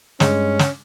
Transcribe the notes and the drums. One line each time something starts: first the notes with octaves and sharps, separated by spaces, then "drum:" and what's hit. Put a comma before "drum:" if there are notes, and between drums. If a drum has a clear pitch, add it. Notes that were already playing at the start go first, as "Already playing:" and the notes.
G2 G#3 C#4, drum: snare
drum: snare